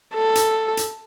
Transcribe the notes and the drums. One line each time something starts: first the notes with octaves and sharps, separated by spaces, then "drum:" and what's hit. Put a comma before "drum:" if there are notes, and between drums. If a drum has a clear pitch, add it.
A4
drum: hi-hat
drum: hi-hat